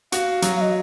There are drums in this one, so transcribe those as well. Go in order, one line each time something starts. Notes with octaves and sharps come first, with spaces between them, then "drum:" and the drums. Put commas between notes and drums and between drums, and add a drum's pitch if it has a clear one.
F#4 F5, drum: hi-hat
F#3, drum: hi-hat
F5
D#5